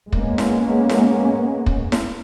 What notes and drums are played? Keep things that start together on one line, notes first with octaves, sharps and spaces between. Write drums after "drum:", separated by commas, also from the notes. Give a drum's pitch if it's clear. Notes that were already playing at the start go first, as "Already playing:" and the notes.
G#3 A#3 B3 C#4, drum: kick
drum: snare E4
drum: snare E4
drum: kick
drum: snare E4